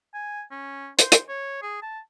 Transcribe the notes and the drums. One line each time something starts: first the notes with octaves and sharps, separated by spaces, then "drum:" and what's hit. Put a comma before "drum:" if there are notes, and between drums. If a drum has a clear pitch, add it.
G#5
C#4
C5, drum: hi-hat
drum: hi-hat
C#5
G#4
A5